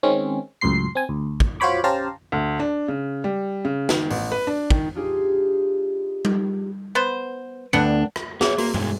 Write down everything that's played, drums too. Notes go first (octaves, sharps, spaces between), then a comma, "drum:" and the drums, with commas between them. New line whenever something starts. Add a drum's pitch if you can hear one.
D#3 G#3 C4 C#4
C#2 F#2 A2 C6 C7
C4 G#5
D2
drum: kick
F4 F#4 C5 C#5 B5 D6
C#4 G4 C5 F5 A5 A#5
D2
D4
C#3
G3
C#3
D#3, drum: snare
A1, drum: open hi-hat
B4
D4
D#3, drum: kick
D4 D#4 F4 G4 G#4 C5
drum: tom G3
B3 C5
D2 B3 D4 F#5 G5
drum: rim click
B3 G#4 C#5 E5, drum: snare
A#3 F#4, drum: open hi-hat
B2 G#3, drum: tom G2